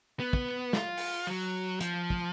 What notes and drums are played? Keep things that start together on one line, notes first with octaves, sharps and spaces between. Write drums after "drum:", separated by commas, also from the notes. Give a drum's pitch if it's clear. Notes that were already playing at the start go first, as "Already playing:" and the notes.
B3
drum: kick
F4, drum: snare
drum: open hi-hat
F#3
F3, drum: hi-hat
drum: kick